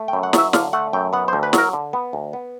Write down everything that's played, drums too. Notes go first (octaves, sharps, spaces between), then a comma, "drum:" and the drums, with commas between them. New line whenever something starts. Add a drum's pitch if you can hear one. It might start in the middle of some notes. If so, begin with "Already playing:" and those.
Already playing: A3
G5
F#2
F#5
F#3 E5, drum: snare
D3 F5, drum: snare
A3 F#5
F#2 G5
B3 F#5
D2 C5
B4
F#3, drum: snare
A#4
D3
B3
D2
B3